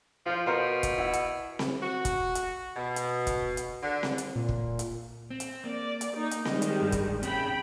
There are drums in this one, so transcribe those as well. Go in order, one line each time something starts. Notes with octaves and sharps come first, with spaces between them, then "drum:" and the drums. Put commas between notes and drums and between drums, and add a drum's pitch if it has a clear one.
F3 F4 C5
B2 A#4 C5 F5
drum: kick, hi-hat
E4 F#5
drum: hi-hat
drum: snare C4
F#4
drum: kick, hi-hat
drum: hi-hat
B2
drum: hi-hat
drum: kick, hi-hat
drum: hi-hat
D3
drum: snare C4
drum: hi-hat
A#2
drum: kick
drum: hi-hat
C4
drum: hi-hat
A#3 D5
drum: hi-hat
D#4
drum: hi-hat
D#3 G3 G#3 D#5, drum: snare C4
drum: hi-hat
G2
drum: kick, hi-hat
C4 C#4 G#4 G5 B5, drum: hi-hat